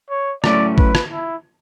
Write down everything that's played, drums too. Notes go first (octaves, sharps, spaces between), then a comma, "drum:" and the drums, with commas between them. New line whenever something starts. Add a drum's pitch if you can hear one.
C#5
A2 F#3 A3 C#4 E4 D5, drum: rim click
B4, drum: kick
drum: rim click
E4